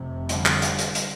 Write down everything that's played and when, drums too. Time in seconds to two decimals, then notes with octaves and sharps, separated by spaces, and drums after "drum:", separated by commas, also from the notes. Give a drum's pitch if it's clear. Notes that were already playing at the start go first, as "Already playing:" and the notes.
Already playing: F1 F2 C3
0.29 D3 G3, drum: hi-hat
0.46 drum: clap
0.62 drum: hi-hat
0.79 drum: hi-hat
0.95 drum: hi-hat